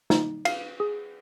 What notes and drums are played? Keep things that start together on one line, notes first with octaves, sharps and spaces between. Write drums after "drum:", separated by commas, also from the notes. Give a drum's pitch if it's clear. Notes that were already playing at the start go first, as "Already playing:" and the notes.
D#4, drum: snare
F5, drum: cymbal
G#4